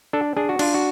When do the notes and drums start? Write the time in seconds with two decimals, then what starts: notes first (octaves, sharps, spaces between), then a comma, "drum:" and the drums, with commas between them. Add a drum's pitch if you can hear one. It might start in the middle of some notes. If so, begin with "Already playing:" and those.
0.13 D4 A4
0.37 D4 G#4
0.49 F#4
0.59 D4 F4, drum: cymbal
0.74 F#4